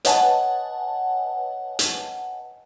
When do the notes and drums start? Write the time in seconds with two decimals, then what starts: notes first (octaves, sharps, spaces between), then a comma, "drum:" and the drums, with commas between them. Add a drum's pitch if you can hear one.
0.05 B4 C#5 D#5 F#5 G#5 A5, drum: hi-hat
1.79 drum: hi-hat